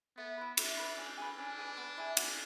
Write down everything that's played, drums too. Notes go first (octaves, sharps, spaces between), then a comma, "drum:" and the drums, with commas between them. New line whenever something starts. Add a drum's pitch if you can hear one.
A3 B3
E4 B4
A3 D4, drum: cymbal
E4 B4
C#4
G#4 B4
C#4 D4
G#4 B4
B3
E4 G#4
B3, drum: cymbal